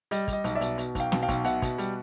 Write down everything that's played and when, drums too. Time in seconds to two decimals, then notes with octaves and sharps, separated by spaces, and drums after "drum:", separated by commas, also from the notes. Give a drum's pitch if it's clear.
0.11 G3 D#5, drum: hi-hat
0.28 G3, drum: kick, hi-hat
0.33 D#5
0.44 B1, drum: hi-hat
0.55 D5 E5
0.61 B2, drum: hi-hat
0.78 B2, drum: hi-hat
0.95 B1 F5 G5, drum: kick, hi-hat
1.12 B2, drum: snare
1.22 F5 G5
1.28 B1, drum: kick, hi-hat
1.45 B2 E5 F#5, drum: hi-hat
1.62 B2, drum: kick, hi-hat
1.78 G3, drum: hi-hat